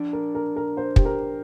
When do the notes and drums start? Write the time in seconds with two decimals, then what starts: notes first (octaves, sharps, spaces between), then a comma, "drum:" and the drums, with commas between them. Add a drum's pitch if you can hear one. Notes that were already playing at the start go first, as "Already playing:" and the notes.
Already playing: F3 D4
0.13 A#4
0.35 A#4
0.56 A#4
0.77 C5
0.96 G4, drum: kick
1.05 A#4